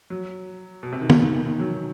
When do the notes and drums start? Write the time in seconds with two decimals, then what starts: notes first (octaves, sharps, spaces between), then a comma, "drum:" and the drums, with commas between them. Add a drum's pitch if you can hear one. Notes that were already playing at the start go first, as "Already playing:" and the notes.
0.10 F#3
0.83 B2
0.92 C3
1.01 D#3
1.09 E3, drum: tom D#3
1.22 D#3
1.34 D#3
1.46 D#3
1.59 F#3